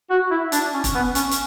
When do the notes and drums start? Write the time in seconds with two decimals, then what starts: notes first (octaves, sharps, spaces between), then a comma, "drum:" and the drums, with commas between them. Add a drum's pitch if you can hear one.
0.10 F#4
0.31 E4
0.52 D4, drum: hi-hat
0.74 C#4
0.84 drum: kick, hi-hat
0.95 B3
1.15 C#4, drum: hi-hat
1.31 drum: hi-hat